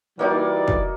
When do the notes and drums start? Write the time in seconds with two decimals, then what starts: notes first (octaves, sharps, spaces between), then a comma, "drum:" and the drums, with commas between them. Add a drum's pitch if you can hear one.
0.19 E3 G3 A#3 D#4 F#4 D5
0.68 drum: kick